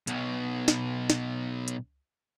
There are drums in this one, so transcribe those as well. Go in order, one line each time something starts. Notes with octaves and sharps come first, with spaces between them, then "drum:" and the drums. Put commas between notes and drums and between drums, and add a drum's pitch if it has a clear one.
B1 B2, drum: hi-hat
drum: snare
drum: snare
drum: hi-hat